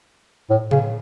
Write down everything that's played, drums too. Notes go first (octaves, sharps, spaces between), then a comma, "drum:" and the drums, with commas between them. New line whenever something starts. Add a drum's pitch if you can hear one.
A2
C#3, drum: tom A2